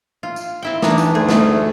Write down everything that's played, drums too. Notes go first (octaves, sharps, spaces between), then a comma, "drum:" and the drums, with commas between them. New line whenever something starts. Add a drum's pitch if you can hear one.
F4
drum: tambourine
C4 E4 G5
E3 D4 D#4, drum: snare
drum: tambourine
D2 A3 G#4
drum: snare